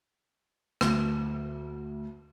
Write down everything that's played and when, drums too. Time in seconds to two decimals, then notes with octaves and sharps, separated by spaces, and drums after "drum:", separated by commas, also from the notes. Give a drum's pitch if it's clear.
0.81 D2, drum: rim click